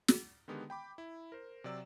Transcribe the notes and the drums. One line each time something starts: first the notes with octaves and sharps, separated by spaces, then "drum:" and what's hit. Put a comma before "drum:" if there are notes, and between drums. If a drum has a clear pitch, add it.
drum: snare
D3 D#3 G#3 B3 G4 G#4
G5 B5 D6
E4
A#4 C5
C3 F#3 D5 E6